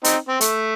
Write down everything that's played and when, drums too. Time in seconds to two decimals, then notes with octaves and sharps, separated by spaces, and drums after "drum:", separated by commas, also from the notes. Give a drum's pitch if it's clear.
0.04 C4 D#4, drum: hi-hat
0.29 C4
0.41 A3, drum: hi-hat